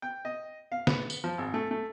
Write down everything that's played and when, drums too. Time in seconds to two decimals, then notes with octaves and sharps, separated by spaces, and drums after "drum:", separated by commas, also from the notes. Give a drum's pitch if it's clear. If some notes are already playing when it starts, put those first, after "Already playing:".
0.02 G5
0.25 D#5
0.72 F5
0.87 B3, drum: snare
1.10 drum: tambourine
1.24 F3
1.38 G#1
1.54 A3
1.71 A3